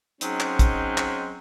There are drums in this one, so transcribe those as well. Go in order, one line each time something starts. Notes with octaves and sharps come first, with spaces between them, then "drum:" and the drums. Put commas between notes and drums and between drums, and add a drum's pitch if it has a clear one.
F#3 G#3 C4 C#4 D#4, drum: hi-hat
drum: clap
drum: kick, hi-hat
drum: clap